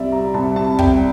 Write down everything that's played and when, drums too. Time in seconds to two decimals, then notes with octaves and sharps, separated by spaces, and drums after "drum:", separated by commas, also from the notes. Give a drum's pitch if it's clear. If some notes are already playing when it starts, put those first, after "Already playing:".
Already playing: C2 C3 D5 E5
0.12 G3 A#5
0.34 C2 A5
0.56 C3 A5
0.79 C2 G5, drum: kick